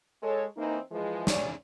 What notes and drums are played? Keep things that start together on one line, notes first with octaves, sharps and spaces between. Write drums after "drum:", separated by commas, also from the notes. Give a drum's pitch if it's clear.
G#3 A4 C#5
E3 A#3 C4 D#4
E3 F3 G#3
D2 C#4 D5, drum: snare